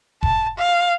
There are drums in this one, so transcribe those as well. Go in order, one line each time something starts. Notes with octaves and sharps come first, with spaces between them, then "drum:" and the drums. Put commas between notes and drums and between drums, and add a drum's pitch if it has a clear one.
A5, drum: kick F1
F5